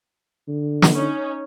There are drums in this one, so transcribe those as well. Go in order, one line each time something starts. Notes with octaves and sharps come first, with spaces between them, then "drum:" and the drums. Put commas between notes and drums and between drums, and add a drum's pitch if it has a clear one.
D3
drum: snare
C#4 D#4